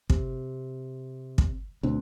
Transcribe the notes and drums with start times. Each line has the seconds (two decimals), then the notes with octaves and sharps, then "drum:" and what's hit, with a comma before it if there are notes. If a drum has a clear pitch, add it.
0.10 C3, drum: kick
1.38 drum: kick
1.83 D2 B2 C4 D4